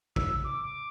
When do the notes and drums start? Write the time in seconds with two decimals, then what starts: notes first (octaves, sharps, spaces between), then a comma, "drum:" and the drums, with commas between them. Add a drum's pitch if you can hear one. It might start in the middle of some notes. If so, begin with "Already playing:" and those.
0.16 E6, drum: kick A1
0.44 D6